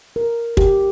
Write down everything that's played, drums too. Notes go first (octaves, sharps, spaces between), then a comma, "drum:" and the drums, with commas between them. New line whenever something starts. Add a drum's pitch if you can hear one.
A#4
G4, drum: kick